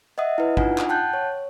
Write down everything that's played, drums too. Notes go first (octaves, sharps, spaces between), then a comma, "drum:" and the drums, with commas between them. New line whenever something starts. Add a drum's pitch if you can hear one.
D#5 E5 F#5 D#6
E4 B4
D4 D#4 F4 F#5 G#5, drum: kick
drum: clap
F#5 G5 A5 F#6 G6
C#5